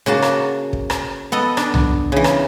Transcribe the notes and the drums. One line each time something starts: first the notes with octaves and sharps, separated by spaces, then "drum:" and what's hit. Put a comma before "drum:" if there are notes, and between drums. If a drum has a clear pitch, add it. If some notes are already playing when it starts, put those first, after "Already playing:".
C#3 A#3 F#4 A5
drum: rim click
drum: kick
drum: rim click
B3 A4 D#5
D4, drum: rim click
drum: tom C2
C#3 E3
drum: rim click